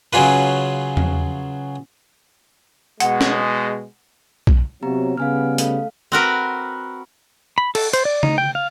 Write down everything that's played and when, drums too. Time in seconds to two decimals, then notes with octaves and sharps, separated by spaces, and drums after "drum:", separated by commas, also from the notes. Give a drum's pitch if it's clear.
0.13 C#3 F#3 C#4 F4 B4
0.97 drum: tom E2
3.00 B2 G#3 F#5, drum: hi-hat
3.21 drum: snare
4.47 drum: kick B1
4.82 C3 F#3 B3 G4 A#5
5.17 C#3 G3 B3 F5 G#5 F6
5.58 A3 A4 F5, drum: hi-hat
6.12 C4 F#4 A#4 B4
7.58 B5
7.75 A4, drum: cymbal
7.93 C5, drum: hi-hat
8.05 D5
8.23 D#4, drum: tom C#3
8.38 G5
8.55 F5